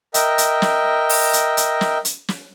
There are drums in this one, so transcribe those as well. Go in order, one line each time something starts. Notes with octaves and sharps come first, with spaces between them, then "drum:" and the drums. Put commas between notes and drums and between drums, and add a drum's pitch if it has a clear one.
A#4 D#5 E5 G5, drum: hi-hat
drum: hi-hat
drum: snare
drum: open hi-hat
drum: hi-hat
drum: hi-hat
drum: snare
drum: hi-hat
drum: snare